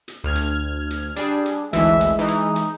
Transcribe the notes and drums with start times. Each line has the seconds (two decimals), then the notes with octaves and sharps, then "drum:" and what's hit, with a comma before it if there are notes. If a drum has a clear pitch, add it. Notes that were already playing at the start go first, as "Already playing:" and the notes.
0.08 drum: hi-hat
0.24 D2 F6 G#6
0.35 drum: hi-hat
0.90 drum: hi-hat
1.16 G3 D4 G#4, drum: hi-hat
1.45 drum: hi-hat
1.73 G#1 D2 E3 G#3 E5, drum: hi-hat
2.01 drum: hi-hat
2.19 E3 D#4
2.28 drum: hi-hat
2.56 drum: hi-hat